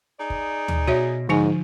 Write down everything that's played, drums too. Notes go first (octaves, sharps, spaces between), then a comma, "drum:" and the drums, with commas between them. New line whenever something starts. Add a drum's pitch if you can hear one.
D#4 G#4 D5
drum: kick
drum: tom D2
B2 F#4 C#5 E5
G#2 D3 F3 D#4 G#5